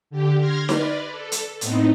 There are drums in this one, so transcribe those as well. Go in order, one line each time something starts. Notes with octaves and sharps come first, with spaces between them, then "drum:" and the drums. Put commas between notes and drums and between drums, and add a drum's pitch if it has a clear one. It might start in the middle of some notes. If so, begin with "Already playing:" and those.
D3 G4
C6 F6 G#6 A#6
B4 D5, drum: snare D#4
A4
drum: hi-hat
A2 B3 C4 D#4, drum: hi-hat